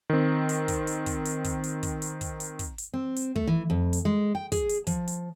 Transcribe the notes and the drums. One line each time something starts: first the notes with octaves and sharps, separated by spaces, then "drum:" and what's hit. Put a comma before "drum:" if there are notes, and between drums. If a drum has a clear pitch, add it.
D#3 C4
drum: hi-hat
drum: kick, hi-hat
drum: hi-hat
drum: kick, hi-hat
drum: hi-hat
drum: kick, hi-hat
drum: hi-hat
drum: kick, hi-hat
drum: hi-hat
drum: kick, hi-hat
drum: hi-hat
drum: kick, hi-hat
drum: hi-hat
C4
drum: hi-hat
A3, drum: kick
E3
F2
drum: hi-hat
G#3
G5
G#4, drum: kick, hi-hat
drum: hi-hat
F3, drum: kick, hi-hat
drum: hi-hat